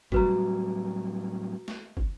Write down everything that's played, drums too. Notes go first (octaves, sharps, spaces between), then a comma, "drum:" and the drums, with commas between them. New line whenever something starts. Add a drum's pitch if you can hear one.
A2 F#3 G3 F#4 B4 A#5, drum: kick
drum: snare G#3
drum: kick